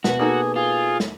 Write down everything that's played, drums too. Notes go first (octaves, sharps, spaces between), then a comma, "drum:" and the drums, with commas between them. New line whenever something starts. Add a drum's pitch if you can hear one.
B2 B3 F#4, drum: snare
A#3 D#4 G#4 A4
F4 G#4
drum: snare